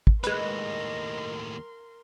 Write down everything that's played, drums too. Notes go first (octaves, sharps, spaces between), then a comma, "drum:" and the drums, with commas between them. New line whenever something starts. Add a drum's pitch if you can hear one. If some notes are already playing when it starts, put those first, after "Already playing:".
drum: kick
D#2 A2 G#3 A#4 B4 D#5 C6, drum: hi-hat